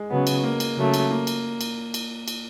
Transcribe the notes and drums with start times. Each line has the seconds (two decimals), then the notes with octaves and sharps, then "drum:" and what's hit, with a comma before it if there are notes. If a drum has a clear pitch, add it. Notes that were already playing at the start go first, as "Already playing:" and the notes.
Already playing: G#3
0.10 C#3 F#3 B3
0.27 drum: cymbal
0.44 A#3
0.60 drum: cymbal
0.77 C#3 F#3 A3
0.94 drum: cymbal
1.11 A#3
1.27 drum: cymbal
1.61 drum: cymbal
1.94 drum: cymbal
2.28 drum: cymbal